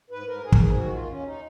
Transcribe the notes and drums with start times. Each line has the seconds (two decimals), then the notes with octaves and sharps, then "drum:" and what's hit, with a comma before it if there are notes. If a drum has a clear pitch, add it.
0.10 G#2 B4
0.27 G#2 A#4
0.43 G#2 G#4
0.52 A#4, drum: kick
0.60 G#2 G#4
0.76 D#3 F#4
0.93 D#2 F4
1.09 D#2 C#4
1.26 D#4